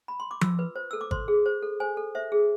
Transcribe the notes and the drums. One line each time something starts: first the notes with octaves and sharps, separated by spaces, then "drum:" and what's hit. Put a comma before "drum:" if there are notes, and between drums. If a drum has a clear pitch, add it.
B5
C6
D6
F4 E6, drum: tom F3
B4
C5
A4 E6
D6
C5 C6, drum: kick
G#4
C5
A4
C5 G#5
A4
C5 E5
G#4